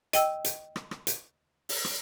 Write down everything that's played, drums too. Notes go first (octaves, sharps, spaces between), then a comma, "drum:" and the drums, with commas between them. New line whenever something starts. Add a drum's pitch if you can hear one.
D#5 G5 E6, drum: hi-hat
drum: hi-hat
drum: rim click
drum: rim click
drum: hi-hat
drum: open hi-hat
drum: rim click